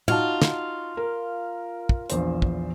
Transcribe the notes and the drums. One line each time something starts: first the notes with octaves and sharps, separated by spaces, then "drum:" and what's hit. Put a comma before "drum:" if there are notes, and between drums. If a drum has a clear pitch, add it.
D#4 F4 F#4 A5, drum: tom A2
drum: snare
A#4
drum: kick
A#1 E2 C5, drum: hi-hat
drum: kick